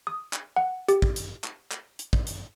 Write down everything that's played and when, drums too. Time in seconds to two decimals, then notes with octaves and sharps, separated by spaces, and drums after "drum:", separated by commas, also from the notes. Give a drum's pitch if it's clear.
0.07 D#6
0.33 drum: clap
0.56 F#5
0.88 G4, drum: hi-hat
1.02 drum: kick
1.16 drum: hi-hat
1.44 drum: clap
1.71 drum: clap
1.99 drum: hi-hat
2.13 drum: kick
2.27 drum: hi-hat